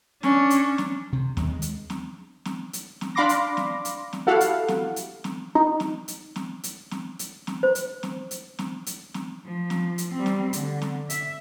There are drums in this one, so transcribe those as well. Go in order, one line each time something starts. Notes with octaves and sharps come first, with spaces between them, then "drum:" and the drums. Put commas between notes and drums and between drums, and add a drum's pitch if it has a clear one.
C#4 D4, drum: snare
drum: hi-hat
drum: snare
C3
D#2, drum: snare
G#3
drum: hi-hat
drum: snare
drum: snare
drum: hi-hat
drum: snare
D4 F5 B5 C6 D6 A#6
drum: hi-hat
drum: snare
drum: hi-hat
drum: snare
E4 F#4 G4 A4 F5 F#5
drum: hi-hat
drum: snare
drum: hi-hat
drum: snare
D#4
drum: snare
drum: hi-hat
drum: snare
drum: hi-hat
drum: snare
drum: hi-hat
drum: snare
C5
drum: hi-hat
drum: snare
drum: hi-hat
drum: snare
drum: hi-hat
drum: snare
F3
drum: snare
drum: hi-hat
G3 C4
drum: snare
D3, drum: hi-hat
drum: snare
E5, drum: hi-hat